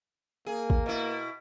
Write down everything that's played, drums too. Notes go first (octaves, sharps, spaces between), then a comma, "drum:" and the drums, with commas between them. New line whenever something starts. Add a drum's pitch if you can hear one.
A#3 G#4
drum: kick
B2 E4